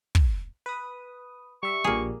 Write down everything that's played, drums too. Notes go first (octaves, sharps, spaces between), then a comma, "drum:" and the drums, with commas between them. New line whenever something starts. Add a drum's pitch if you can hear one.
drum: kick
B4 D#6
G3 E5 C#6
A#1 A#2 G3 A#3 G#4